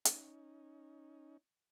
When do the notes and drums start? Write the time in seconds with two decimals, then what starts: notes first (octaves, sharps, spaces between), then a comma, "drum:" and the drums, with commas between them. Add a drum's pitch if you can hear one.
0.05 C#4 D#4, drum: hi-hat